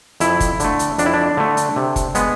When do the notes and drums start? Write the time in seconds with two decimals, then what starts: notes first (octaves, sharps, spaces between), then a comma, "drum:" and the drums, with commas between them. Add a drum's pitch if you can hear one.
0.20 F2 E4, drum: hi-hat
0.40 drum: kick F#1, hi-hat
0.60 D3 A3, drum: hi-hat
0.79 drum: hi-hat
0.98 F2 D4, drum: hi-hat
1.06 E4
1.14 D4
1.37 D3 A3
1.57 drum: hi-hat
1.76 C3
1.96 drum: kick F#1, hi-hat
2.15 G#3 B3, drum: hi-hat